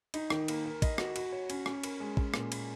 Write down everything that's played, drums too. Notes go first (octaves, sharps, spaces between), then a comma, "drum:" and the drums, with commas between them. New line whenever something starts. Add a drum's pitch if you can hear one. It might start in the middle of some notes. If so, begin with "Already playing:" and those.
D#4, drum: cymbal
D#3, drum: rim click
A#3, drum: cymbal
A#4
D#5, drum: kick, cymbal
F#4, drum: rim click
F#4, drum: cymbal
C#5
C#4, drum: cymbal
C#4, drum: rim click
A#4, drum: cymbal
G#3
C#4, drum: kick
A#2, drum: rim click
A#3, drum: cymbal